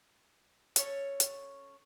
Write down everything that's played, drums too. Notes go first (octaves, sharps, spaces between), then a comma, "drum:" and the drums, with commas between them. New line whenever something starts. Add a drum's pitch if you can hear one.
C#4 A4 C#5, drum: hi-hat
drum: hi-hat